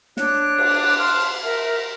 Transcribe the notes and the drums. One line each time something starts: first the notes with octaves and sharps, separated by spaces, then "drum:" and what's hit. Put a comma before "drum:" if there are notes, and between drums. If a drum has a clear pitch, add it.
D4 C#5 F#6, drum: snare
drum: cymbal
F5 A5 C6 F6
A#4 E5